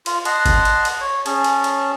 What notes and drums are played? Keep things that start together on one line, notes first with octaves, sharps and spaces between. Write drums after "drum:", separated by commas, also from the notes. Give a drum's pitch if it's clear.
F4, drum: cymbal
D#5 F#5 A5 C6, drum: cymbal
drum: kick G#1, cymbal
drum: cymbal
drum: cymbal
C#5
C#4 G#4 A5, drum: cymbal
drum: cymbal
drum: cymbal